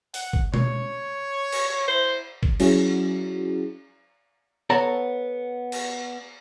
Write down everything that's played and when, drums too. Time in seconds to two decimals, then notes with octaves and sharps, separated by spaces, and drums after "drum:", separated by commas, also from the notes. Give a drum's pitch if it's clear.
0.14 F#5, drum: open hi-hat
0.33 drum: kick G1
0.54 C#5, drum: tom B2
1.52 drum: cymbal
1.88 E4 C5
2.43 drum: kick G1
2.60 F#3 C#4 E4 F#4 G#4, drum: cymbal
4.70 B3 A4 C#5 F#5 A#5 B5
5.72 drum: cymbal